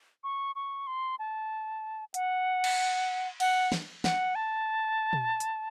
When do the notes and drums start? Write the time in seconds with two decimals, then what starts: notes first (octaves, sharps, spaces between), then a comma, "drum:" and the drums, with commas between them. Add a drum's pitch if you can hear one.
0.24 C#6
0.56 C#6
0.87 C6
1.19 A5
2.14 F#5, drum: hi-hat
2.64 drum: cymbal
3.40 F#5, drum: cymbal
3.72 drum: snare
4.04 F#5, drum: snare
4.35 A5
5.13 drum: tom
5.40 drum: hi-hat